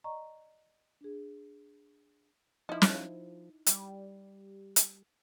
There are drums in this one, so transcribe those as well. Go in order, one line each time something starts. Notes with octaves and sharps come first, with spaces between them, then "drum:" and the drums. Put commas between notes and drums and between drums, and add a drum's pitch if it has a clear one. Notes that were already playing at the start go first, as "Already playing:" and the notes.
D5 D#5 A#5 C#6
D4 G#4
F3 D#4 E4
drum: snare
G3, drum: hi-hat
drum: hi-hat